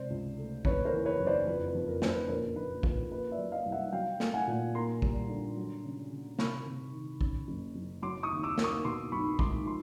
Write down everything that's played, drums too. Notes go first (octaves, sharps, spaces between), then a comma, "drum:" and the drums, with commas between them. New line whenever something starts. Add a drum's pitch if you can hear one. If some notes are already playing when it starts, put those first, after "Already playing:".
Already playing: C3 G#3 C5 D5
C#2
A3
F#1 B4 C#5, drum: kick
A#4 C5
E2
B4 C#5
F#1
C5 D5
F2 B4
B4
F2
A#4
F#1 C5, drum: snare
B4
A#1 A#4 C5
A#1 B4
F3 B4, drum: kick
A#3 B4
D5 E5
F#3
D#5 F5
C2
E5 F#5
F#3 F5 G5
A3, drum: snare
F#5 G#5
A#2
A#3 A#5 C6
G3, drum: kick
D3
F#3
C#3
C#3
C3 B5 C#6, drum: snare
C3
D#3
C#3, drum: kick
F#1
F#1
F#3 C6 D6
C#6 D#6
D#2
D6 E6
A#3, drum: snare
C#6 D#6
B2 C6 D6
B1 B5 C#6
G#3 C6 D6, drum: kick
F3 C6